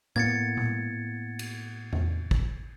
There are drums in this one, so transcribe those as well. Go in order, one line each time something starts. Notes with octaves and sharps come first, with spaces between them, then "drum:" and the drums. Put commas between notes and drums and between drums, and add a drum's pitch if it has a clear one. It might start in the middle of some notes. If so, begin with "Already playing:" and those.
A2 A#3 B3 G#6 A6 C#7
drum: tom A#2
drum: cymbal
drum: tom E2
drum: kick